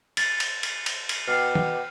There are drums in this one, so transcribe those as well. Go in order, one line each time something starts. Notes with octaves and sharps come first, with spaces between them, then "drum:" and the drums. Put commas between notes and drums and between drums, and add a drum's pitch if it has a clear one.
A6, drum: cymbal
drum: cymbal
drum: cymbal
drum: cymbal
drum: cymbal
B2 F#5 G5 D6 F6 C7
drum: tom E3